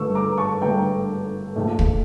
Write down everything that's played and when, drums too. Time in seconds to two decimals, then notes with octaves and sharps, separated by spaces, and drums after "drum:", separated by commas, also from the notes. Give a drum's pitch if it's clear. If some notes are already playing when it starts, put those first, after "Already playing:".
Already playing: G1 G2 D3 A3 C#6 E6
0.15 A#5 D6
0.38 A5 C#6
0.61 G1 G2 D3 A3 G5 A#5
1.56 A#1 A#2 A3
1.79 drum: kick